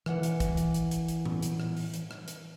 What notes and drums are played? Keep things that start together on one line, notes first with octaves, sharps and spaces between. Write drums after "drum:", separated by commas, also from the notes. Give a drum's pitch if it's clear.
E3 F#5, drum: rim click
drum: hi-hat
drum: kick, hi-hat
drum: hi-hat
drum: hi-hat
drum: hi-hat
drum: hi-hat
drum: tom A2
drum: hi-hat
drum: rim click
drum: open hi-hat
drum: hi-hat
drum: rim click
drum: hi-hat